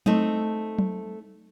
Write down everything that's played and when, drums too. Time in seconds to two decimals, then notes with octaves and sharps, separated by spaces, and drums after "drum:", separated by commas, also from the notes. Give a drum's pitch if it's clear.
0.06 A3 C4 D#4, drum: tom F#3
0.79 drum: tom F#3